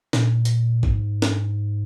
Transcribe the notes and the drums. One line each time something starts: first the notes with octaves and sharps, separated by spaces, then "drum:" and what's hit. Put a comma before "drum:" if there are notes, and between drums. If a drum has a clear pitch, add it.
A#2, drum: snare
drum: hi-hat
G#2, drum: kick A1
drum: snare